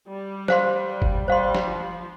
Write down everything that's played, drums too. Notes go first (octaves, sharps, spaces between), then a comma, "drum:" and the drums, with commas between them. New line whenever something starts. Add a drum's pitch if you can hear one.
G3
C5 F5 C6, drum: snare
drum: kick F#1
G3 C5 F5 C6
drum: snare
F3